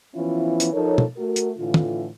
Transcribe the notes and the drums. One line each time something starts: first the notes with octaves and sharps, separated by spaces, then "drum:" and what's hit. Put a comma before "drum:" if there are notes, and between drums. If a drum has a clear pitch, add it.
E3 F3 B3 C#4 E4 F4
drum: hi-hat
F3 D#4 A4 A#4 C#5
drum: tom
A3 F#4 A#4
drum: hi-hat
A2 D3 E3 E4 F4
drum: tom